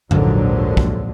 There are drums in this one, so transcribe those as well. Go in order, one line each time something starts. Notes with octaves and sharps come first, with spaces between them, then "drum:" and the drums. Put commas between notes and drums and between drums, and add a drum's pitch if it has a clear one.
A#1 D#2 G#2 D3 F3 F#3, drum: tom F#2
drum: kick